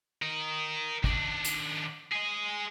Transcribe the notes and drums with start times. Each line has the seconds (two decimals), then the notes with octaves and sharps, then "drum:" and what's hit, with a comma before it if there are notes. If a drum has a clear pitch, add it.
0.22 A#4 D#5
1.04 D#3 D4, drum: kick
1.45 drum: hi-hat
2.12 G#4 D#5